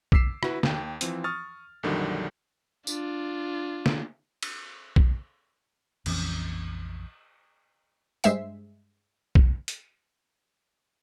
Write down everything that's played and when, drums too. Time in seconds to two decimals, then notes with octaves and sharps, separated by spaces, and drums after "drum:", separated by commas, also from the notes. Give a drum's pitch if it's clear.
0.12 D6 E6 B6 C7 E7, drum: kick B1
0.43 E4 F#4 B4, drum: rim click
0.63 D#2 G5, drum: snare
1.01 E3 F3 C4, drum: hi-hat
1.24 C#6 D#6 F6 A6
1.83 A#1 F2 D3 D#3 F#3 G3
2.87 D4 F4, drum: tambourine
3.86 drum: snare
4.43 drum: cymbal
4.96 drum: kick B1
6.06 A#1 F2 E3 C#4, drum: cymbal
8.24 G2 G#3 C5 E5 C7, drum: tambourine
9.35 drum: kick B1
9.68 drum: hi-hat